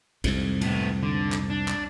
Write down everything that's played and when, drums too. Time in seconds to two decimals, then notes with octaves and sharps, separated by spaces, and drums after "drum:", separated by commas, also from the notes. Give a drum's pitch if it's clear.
0.24 C2 F2 G#2, drum: kick, cymbal
0.62 A2 B3, drum: cymbal
1.03 D3
1.32 drum: clap
1.50 D4
1.68 drum: clap